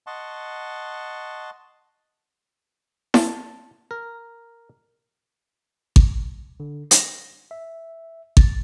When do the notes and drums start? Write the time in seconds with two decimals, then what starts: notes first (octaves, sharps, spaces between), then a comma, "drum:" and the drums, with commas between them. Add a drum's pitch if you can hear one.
0.07 D#5 F#5 A5 C6 C#6
3.14 A5, drum: snare E4
3.91 A#4
5.96 drum: kick G#1
6.60 D3
6.91 A#6, drum: hi-hat
7.51 E5
8.37 A6, drum: kick G#1